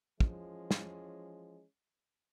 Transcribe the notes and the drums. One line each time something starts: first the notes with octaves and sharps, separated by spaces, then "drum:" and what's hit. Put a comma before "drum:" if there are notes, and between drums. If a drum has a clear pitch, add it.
E3 F3 G#3 C#4, drum: kick
drum: snare